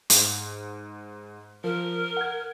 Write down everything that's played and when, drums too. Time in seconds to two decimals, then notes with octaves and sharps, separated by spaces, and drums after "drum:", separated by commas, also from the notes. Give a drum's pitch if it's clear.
0.10 G#2, drum: hi-hat
1.64 F3 A#4
2.17 F#5 G#6